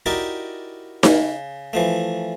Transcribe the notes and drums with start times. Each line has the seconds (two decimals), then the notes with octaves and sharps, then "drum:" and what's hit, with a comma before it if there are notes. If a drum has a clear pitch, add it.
0.06 D#4 E4 F#4 G4 A#4 D5
1.03 C#3, drum: snare D#4
1.73 E3 F3 A3